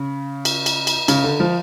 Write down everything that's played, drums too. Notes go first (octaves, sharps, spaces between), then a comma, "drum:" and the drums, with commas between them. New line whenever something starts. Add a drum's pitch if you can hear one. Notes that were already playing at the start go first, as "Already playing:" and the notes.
Already playing: C#3
drum: cymbal
drum: cymbal
drum: cymbal
C#3, drum: cymbal
D3
F3